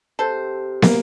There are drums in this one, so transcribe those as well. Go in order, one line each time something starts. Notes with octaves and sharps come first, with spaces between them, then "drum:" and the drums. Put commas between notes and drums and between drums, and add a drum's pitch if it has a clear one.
C3 A4 C5
A#3, drum: snare